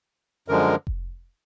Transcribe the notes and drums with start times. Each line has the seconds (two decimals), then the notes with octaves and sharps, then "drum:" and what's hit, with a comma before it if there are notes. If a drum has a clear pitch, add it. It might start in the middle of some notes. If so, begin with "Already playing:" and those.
0.48 F#2 D3 F3 G#3 A#4
0.87 drum: kick F1